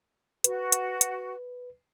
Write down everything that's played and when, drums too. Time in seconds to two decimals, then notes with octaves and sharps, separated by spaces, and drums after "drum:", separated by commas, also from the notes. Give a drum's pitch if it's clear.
0.44 F#4 B4, drum: hi-hat
0.72 drum: hi-hat
1.01 drum: hi-hat